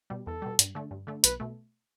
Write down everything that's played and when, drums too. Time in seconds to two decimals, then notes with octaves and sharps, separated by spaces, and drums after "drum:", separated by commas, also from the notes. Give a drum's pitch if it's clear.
0.10 B2 G3
0.27 E2 A4
0.42 B2 G3
0.59 G2, drum: hi-hat
0.75 D3 A3
0.91 G2
1.07 D3 A3
1.24 B1 B4, drum: hi-hat
1.40 B2 A3